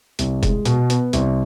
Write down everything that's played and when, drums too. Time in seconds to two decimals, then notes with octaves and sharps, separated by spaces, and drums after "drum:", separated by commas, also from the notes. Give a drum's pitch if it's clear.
0.19 C2, drum: hi-hat
0.43 G#3, drum: kick, hi-hat
0.65 B2, drum: hi-hat
0.90 B3, drum: hi-hat
1.13 C2, drum: hi-hat